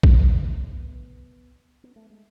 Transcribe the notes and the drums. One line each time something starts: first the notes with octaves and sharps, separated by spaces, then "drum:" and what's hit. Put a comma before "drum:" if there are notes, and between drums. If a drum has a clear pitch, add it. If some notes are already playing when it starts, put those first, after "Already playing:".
D3, drum: kick
E3
B3
B3
A3
B3
B3
A3
G#3